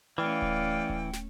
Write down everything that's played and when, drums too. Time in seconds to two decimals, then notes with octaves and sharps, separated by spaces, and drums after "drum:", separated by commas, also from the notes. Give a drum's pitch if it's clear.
0.18 E3 A3 C#4 D5 F5 G5
0.42 drum: kick D1
0.90 drum: kick D1
1.13 drum: snare